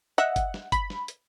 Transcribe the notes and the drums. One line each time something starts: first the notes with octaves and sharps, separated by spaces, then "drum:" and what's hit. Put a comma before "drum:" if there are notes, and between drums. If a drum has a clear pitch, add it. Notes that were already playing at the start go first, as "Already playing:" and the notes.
D#5 E5 F#5
drum: kick G1, hi-hat
drum: snare
B5, drum: kick G1, hi-hat
drum: snare
drum: hi-hat